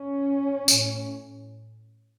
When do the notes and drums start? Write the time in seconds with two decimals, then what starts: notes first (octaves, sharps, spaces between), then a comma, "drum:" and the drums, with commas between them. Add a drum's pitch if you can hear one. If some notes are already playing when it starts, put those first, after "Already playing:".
Already playing: C#4
0.68 A2, drum: tambourine